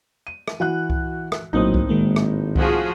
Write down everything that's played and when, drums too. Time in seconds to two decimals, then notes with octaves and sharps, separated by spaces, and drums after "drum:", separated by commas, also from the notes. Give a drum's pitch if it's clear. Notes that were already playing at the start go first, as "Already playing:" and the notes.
0.27 D#7
0.48 drum: rim click
0.60 E3 F#4 F#5 F#6
0.90 drum: kick C2
1.32 drum: rim click
1.53 A#1 A2 F#3 A#3 C4 D#4 D#6
1.74 drum: kick C2
1.89 G#1 D#3 G#3 A#3
2.16 drum: rim click
2.56 F3 F#4 G#4, drum: kick C2